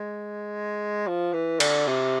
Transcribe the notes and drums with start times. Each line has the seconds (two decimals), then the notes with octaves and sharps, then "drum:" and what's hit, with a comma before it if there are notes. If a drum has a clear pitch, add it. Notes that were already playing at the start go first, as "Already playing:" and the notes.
Already playing: G#3
1.07 F3
1.33 E3
1.60 D3, drum: cymbal
1.87 C3